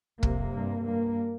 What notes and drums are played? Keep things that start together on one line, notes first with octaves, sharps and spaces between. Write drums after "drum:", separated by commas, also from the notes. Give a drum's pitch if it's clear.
F2 C3 A#3, drum: kick
G2
G2 A#3